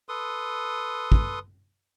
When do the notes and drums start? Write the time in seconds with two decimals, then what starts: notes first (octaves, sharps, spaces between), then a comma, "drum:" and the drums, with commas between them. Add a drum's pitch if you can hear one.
0.09 A4 B4 C6 D#6
1.12 drum: kick